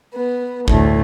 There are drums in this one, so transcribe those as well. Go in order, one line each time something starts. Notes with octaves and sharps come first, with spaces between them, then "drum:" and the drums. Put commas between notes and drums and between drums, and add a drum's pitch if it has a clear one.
B3
D2 A2 A3, drum: kick A1